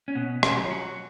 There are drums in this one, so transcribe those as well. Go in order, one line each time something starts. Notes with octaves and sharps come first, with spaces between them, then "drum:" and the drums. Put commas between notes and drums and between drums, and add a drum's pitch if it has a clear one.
C#4
B2 B3
C#4, drum: rim click
F#3
F4
F#4